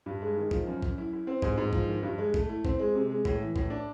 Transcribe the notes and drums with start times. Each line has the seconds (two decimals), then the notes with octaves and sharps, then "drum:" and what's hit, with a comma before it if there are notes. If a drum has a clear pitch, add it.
0.06 G2
0.22 G#3
0.37 D#3
0.51 F3, drum: kick A#1
0.67 F#2
0.83 F#2, drum: kick A#1
0.98 E4
1.13 E4
1.27 C4
1.42 G#2, drum: kick A#1
1.58 G#2
1.73 F3, drum: kick A#1
1.88 D#3
2.03 G2
2.18 G#3
2.34 A3, drum: kick A#1
2.49 E4
2.65 C4, drum: kick A#1
2.79 G#3
2.95 C3
3.10 G#3
3.25 A2, drum: kick A#1
3.41 E3
3.56 A2, drum: kick A#1
3.70 D4